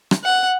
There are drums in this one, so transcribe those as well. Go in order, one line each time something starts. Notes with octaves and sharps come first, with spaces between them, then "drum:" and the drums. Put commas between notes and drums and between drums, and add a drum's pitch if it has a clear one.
drum: rim click
F#5